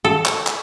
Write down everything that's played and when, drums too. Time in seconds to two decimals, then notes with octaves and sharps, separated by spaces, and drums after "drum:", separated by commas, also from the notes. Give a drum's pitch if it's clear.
0.04 A4
0.26 drum: clap
0.47 drum: clap